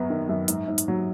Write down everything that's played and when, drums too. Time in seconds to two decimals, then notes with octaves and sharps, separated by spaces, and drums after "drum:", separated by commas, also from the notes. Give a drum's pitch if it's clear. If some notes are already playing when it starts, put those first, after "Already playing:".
Already playing: F#2 F#3 B3
0.10 D#3
0.29 F#2
0.48 G#2, drum: hi-hat
0.68 G#2
0.78 drum: hi-hat
0.88 F#3